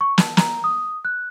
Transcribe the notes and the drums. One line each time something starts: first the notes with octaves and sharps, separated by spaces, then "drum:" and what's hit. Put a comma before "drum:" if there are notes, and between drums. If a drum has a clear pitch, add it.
C#6
A5, drum: snare
A#5, drum: snare
D#6
F#6